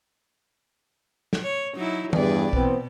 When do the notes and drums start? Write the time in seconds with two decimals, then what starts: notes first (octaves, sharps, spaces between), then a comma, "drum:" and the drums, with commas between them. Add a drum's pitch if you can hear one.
1.33 drum: snare
1.42 C#5
1.75 F#3 D#4 E4
2.13 E2 G2 G#4 B4 D5, drum: tom D#3
2.53 B2 E3 B3 C4, drum: kick